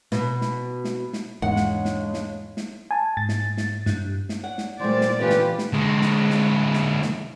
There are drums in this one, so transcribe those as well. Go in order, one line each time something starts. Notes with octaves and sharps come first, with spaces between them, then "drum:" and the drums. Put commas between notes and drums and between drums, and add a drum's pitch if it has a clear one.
B2, drum: snare
drum: snare
drum: snare
drum: snare
E2 G#2 C#3 G#3 D4 F#5
drum: snare
drum: snare
drum: snare
drum: snare
G#5 A5
G#2 A6
drum: snare
drum: snare
G2, drum: snare
drum: snare
C#5 D5 F#5
drum: snare
A#2 E3 G3 A3 C5 D5
drum: snare
D3 E3 C#4 F4 G4 B4 G#5
drum: snare
drum: snare
D3 G#3
drum: snare
drum: snare
drum: snare
drum: snare